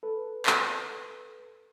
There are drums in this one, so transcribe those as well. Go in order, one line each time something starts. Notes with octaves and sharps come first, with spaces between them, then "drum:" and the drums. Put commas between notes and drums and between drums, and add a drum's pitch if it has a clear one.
A4 B4
drum: clap